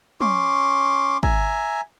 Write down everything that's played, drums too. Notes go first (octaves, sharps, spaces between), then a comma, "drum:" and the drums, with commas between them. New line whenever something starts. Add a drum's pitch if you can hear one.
C#4 C6 D6, drum: tom
E5 G#5 A#5, drum: kick